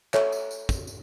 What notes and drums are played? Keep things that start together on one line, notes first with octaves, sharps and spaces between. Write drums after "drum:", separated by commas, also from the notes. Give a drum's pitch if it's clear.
A4 C#5 E5, drum: clap
drum: tambourine
drum: tambourine
drum: kick, tambourine
drum: tambourine